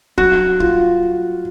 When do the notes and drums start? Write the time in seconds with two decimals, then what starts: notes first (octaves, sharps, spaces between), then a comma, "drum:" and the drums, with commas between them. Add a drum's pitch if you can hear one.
0.18 F#3 F#4, drum: kick
0.60 F4, drum: kick